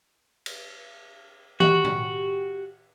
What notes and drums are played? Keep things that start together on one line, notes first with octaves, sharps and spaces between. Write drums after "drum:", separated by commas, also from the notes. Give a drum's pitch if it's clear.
drum: cymbal
F#4 G4, drum: tom D#3
drum: tom A2